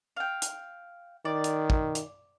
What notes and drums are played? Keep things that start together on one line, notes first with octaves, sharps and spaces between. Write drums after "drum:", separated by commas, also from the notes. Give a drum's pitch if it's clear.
F5 G5
drum: hi-hat
D#3 D5
drum: hi-hat
drum: kick
drum: hi-hat